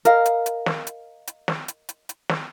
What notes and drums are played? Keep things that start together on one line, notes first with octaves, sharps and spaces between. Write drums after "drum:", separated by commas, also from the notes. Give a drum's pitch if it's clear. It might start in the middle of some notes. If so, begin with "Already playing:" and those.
A#4 D#5 F5, drum: hi-hat
drum: hi-hat
drum: hi-hat
drum: snare
drum: hi-hat
drum: hi-hat
drum: snare
drum: hi-hat
drum: hi-hat
drum: hi-hat
drum: snare